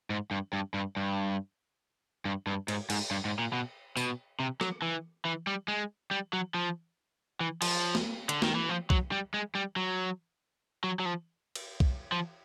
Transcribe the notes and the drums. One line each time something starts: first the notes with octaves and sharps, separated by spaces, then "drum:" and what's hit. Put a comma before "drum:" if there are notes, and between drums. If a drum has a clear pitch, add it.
G#2
G2
G2
G2
G2
G2
G2
G#2, drum: cymbal
G#2, drum: cymbal
G2
G#2
A#2
B2
B2, drum: tambourine
C3
F#3, drum: rim click
E3
E3
G3
G#3
G3
F#3
F3
E3
F3, drum: cymbal
drum: snare A#3
D3, drum: hi-hat
D#3, drum: snare A#3
E3
F3
F#3, drum: kick B1
G3
G#3
G3
F#3
F#3
F#3
F3
drum: cymbal
drum: kick B1
F3